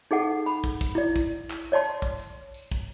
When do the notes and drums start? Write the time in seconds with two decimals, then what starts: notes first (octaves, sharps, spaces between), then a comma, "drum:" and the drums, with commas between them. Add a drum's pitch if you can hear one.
0.11 D#4 G#4 A4 F#5
0.46 B5, drum: tambourine
0.64 drum: kick
0.81 drum: kick, tambourine
0.95 E4 D5
1.16 drum: kick, tambourine
1.50 drum: clap
1.72 C#5 D5 A5 C6
1.85 drum: tambourine
2.02 drum: kick
2.20 drum: tambourine
2.54 drum: tambourine
2.72 drum: kick